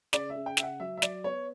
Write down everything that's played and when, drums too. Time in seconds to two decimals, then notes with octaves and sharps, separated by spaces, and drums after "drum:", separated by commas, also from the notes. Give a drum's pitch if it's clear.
0.13 C#3 D5, drum: snare
0.30 E5
0.35 C#3
0.46 G5
0.57 C#3 E5, drum: snare
0.63 F#5
0.80 F#3 E5
0.97 E5
1.02 F#3 D5, drum: snare
1.24 B3 C#5